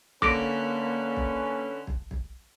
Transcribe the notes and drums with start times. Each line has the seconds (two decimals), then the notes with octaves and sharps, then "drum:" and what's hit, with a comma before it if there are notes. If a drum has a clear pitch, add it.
0.22 D3 A#3 C#4 B4 D6 A#6 D7, drum: kick
1.16 drum: kick
1.87 drum: kick
2.11 drum: kick